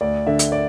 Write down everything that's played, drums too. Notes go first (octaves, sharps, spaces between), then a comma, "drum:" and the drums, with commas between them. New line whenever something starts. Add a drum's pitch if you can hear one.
D2 D5
D3 E5
drum: hi-hat
D5